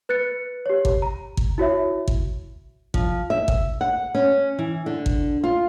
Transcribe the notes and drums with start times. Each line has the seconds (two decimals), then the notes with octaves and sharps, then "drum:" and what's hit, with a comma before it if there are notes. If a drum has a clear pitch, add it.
0.09 B4 F#6 A6 C#7
0.66 G4 C#5
0.85 drum: kick
1.02 A#5
1.37 drum: kick
1.58 E4 F#4 C#5 E5
2.08 drum: kick
2.94 F3, drum: kick
3.30 E5
3.48 drum: kick
3.81 F#5
4.15 C#4
4.59 E3
4.86 D3
5.06 drum: kick
5.44 F4